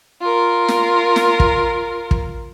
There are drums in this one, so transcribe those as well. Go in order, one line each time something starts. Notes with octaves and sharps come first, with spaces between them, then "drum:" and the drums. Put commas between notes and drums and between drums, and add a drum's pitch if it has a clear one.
F4 A#4
drum: snare
drum: snare
drum: kick
drum: kick